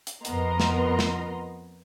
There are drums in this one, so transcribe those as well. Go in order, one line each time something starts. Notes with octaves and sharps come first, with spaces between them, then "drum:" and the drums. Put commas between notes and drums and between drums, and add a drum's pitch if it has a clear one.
drum: hi-hat
F2 B3 A#4 D#5 A#5 C6, drum: hi-hat
drum: snare
drum: snare